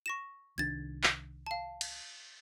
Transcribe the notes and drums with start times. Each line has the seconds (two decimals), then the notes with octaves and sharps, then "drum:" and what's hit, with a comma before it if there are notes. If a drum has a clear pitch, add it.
0.06 C#6 A#6 E7
0.58 C2 D#3 D4 G#6 A6
1.04 drum: clap
1.47 F5 A5
1.81 drum: cymbal